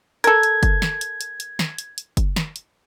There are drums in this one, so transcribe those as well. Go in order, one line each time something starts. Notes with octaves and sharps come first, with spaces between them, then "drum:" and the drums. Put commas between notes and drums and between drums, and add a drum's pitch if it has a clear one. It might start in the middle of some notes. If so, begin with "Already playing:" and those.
A4 A#4 G#6, drum: hi-hat
drum: hi-hat
drum: kick F#1, hi-hat
drum: snare
drum: hi-hat
drum: hi-hat
drum: hi-hat
drum: snare
drum: hi-hat
drum: hi-hat
drum: kick F#1, hi-hat
drum: snare
drum: hi-hat